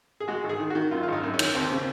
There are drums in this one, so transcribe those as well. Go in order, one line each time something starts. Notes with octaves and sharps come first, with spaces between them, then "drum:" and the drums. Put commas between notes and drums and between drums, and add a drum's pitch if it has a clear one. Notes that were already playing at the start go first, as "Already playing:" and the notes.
G#4
G#3 F#4
G#1
G#4
D#3
F#4
D#3
F#2 F4
F4
G#1 D#4
F#2
C#4
D#3, drum: cymbal
D#2 C4
C#3